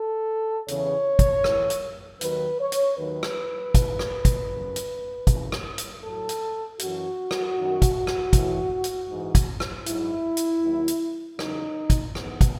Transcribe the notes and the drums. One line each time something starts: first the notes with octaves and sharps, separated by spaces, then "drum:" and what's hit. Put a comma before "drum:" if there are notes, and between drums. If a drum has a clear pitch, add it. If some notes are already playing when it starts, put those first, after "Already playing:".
Already playing: A4
E2 C#3 E3 C#5, drum: hi-hat
drum: kick, hi-hat
A2 E3, drum: rim click
drum: hi-hat
D#2 D#3 F#3 B4, drum: hi-hat
C#5
drum: hi-hat
D#2 D#3 F#3 B4
drum: rim click
G#2 E3, drum: kick, hi-hat
drum: rim click
drum: kick, hi-hat
F#2 C#3 F#3
drum: hi-hat
F#2 C#3 E3, drum: kick, hi-hat
drum: rim click
drum: hi-hat
A2 F#3 A4
drum: hi-hat
F#2 E3 F#4, drum: hi-hat
drum: rim click
F#2 D#3 F#3
drum: kick, hi-hat
drum: rim click
A2 E3, drum: kick, hi-hat
drum: hi-hat
G#2 E3
drum: kick, hi-hat
drum: rim click
G#2 F#3 E4, drum: hi-hat
drum: hi-hat
D#2 D#3 F#3
drum: hi-hat
E2 C#3 F#3 D#4, drum: rim click
drum: kick, hi-hat
G#2 E3 B3, drum: rim click
drum: kick, hi-hat